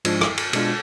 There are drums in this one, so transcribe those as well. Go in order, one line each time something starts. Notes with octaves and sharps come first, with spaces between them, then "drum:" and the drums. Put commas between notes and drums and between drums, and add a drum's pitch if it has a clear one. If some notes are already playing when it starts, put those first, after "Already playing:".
G#2 F3 G#3 D4 F4, drum: cymbal
drum: rim click
drum: cymbal
B2 G#3 D4 F4, drum: cymbal